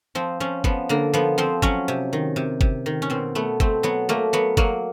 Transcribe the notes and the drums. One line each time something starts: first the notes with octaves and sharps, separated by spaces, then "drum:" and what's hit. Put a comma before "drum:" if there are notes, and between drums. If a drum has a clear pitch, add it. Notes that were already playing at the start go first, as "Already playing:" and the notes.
F3 C4
F3 C#4
F3 B3, drum: kick F#1
D3 A#3
F3 B3
F3 C4
F#3 C#4, drum: kick F#1
C3
D#3
C3
C3, drum: kick F#1
D#3
C#4
B2 C4
A3 B3
A3 C4, drum: kick F#1
F#3 B3
A3 A#3
F#3 B3
F#3 A#3, drum: kick F#1